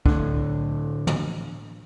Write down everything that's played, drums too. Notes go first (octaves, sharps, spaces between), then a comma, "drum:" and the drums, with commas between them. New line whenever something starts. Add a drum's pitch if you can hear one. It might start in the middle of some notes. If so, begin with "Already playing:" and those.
A2 D3, drum: kick C2
drum: tom